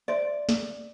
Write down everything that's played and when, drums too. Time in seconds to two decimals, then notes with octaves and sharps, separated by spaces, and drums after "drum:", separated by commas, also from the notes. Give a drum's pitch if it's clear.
0.08 C5 D5 E5 C6
0.49 drum: snare